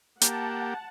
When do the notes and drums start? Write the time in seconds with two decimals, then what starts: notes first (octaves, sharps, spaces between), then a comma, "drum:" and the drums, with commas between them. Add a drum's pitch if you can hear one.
0.21 A#3 G4 F#5 A5, drum: hi-hat